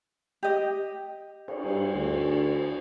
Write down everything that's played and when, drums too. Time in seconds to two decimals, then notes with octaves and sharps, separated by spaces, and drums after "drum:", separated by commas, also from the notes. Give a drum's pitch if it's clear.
0.43 G4 D#5
1.48 drum: cymbal
1.65 G2
1.95 D2